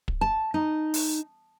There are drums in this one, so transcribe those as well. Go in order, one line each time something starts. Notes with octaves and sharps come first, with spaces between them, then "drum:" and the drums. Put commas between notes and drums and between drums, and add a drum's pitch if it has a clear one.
drum: kick
A5
D#4
drum: open hi-hat